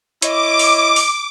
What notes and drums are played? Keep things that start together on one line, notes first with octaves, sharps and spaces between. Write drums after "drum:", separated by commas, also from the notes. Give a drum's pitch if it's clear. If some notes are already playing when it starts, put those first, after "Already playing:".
E4 C#5 D#5 D6, drum: hi-hat
drum: open hi-hat
drum: open hi-hat